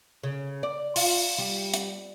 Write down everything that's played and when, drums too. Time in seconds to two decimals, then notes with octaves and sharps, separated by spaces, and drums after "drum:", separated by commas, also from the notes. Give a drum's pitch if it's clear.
0.23 C#3
0.63 D5
0.96 F4, drum: open hi-hat
1.38 G3
1.74 drum: hi-hat